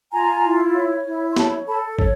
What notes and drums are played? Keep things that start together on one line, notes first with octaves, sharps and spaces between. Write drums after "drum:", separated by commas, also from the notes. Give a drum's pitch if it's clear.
F4 G#5 A#5
E4
C#5
E4
C6
C#5 A5 B5, drum: snare
A4 A5 B5
C#5, drum: kick